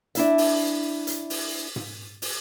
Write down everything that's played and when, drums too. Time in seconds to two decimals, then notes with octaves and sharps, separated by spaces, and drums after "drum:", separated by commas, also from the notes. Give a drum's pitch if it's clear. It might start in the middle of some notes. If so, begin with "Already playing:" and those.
0.15 D4 E4 E5, drum: hi-hat
0.38 drum: open hi-hat
1.07 drum: hi-hat
1.30 drum: open hi-hat
1.76 drum: tom G#2
2.22 drum: open hi-hat